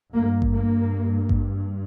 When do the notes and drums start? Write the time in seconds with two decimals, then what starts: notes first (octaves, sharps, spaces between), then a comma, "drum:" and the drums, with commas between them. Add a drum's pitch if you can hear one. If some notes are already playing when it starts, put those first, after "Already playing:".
0.13 G2 A#3
0.42 drum: kick G#1
0.56 A#3
1.29 drum: kick G#1